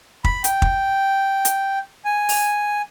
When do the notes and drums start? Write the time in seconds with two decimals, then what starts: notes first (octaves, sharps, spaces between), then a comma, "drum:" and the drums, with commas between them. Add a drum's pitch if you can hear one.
0.24 B5, drum: kick
0.44 G5, drum: hi-hat
0.62 drum: kick
1.45 drum: hi-hat
2.05 G#5
2.29 drum: open hi-hat